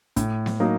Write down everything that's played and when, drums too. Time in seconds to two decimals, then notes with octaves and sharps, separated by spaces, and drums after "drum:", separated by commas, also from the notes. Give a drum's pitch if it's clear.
0.16 A2, drum: kick, hi-hat
0.46 drum: snare B3
0.60 F#3 A#3 D#4